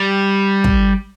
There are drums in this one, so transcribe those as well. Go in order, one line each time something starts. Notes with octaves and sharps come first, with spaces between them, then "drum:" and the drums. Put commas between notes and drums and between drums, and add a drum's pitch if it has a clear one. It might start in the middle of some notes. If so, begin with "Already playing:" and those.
Already playing: G3
drum: kick